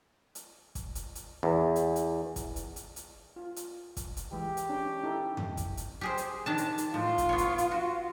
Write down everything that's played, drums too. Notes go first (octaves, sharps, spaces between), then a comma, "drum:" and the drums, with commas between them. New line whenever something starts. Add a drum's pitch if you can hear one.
drum: hi-hat
drum: kick, hi-hat
drum: hi-hat
drum: hi-hat
E2
drum: hi-hat
drum: hi-hat
drum: kick, hi-hat
drum: hi-hat
drum: hi-hat
drum: hi-hat
F4
drum: hi-hat
drum: kick, hi-hat
drum: hi-hat
E3 G#3 G4
drum: hi-hat
C#4 D4
D#4 E4 A4
drum: tom F2
drum: kick, hi-hat
drum: hi-hat
G4 G#4 C5
drum: hi-hat
D#3 D4 A5
drum: hi-hat
drum: hi-hat
A2 F4
drum: kick, hi-hat
B3 C#5
drum: hi-hat
drum: hi-hat
F#4